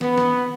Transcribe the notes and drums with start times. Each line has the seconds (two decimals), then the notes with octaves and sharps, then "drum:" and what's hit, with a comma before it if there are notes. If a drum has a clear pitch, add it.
0.01 B3, drum: snare
0.18 drum: snare